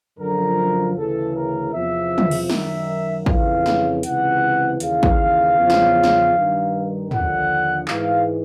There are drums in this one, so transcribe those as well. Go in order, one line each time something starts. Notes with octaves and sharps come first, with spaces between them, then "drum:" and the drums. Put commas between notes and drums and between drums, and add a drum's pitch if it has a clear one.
F#2 D3 F3 A#4
D2 C#3 E3 A4
A#4
E2 C3 F3 E5
drum: tom
drum: cymbal
F#2 D#3 E5, drum: snare
F2 C#3 E3 F5, drum: kick
drum: snare
C#2 C3 E3 F#5, drum: hi-hat
D#2 C#3 E3 F5, drum: hi-hat
drum: kick
E2 C#3 F3
drum: snare
drum: snare
G2 D#3
D#2 D3 F3 F#5, drum: tom
G#2 E3 F5, drum: clap